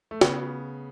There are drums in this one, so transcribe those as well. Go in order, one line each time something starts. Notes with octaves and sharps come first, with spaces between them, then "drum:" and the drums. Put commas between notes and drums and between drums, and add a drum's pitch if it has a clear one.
A3
C#3 B3, drum: snare